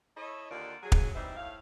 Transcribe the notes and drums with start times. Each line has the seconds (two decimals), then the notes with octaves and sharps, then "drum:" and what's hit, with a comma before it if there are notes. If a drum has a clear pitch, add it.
0.17 E4 A4 C#5 D#5
0.51 D#2 D3 D#3 F4 A#4 D5
0.82 F#3 G#4
0.92 drum: kick
1.15 E3 G3 C4 D#4 E5
1.37 A2 F5